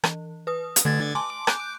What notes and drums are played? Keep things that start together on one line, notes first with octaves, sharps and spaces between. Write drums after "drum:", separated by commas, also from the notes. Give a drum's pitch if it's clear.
E3, drum: rim click
B4 D#6
drum: hi-hat
D3 A3 G#6 A6
G#5 A5 C6 D6
F#6 G6 D7, drum: rim click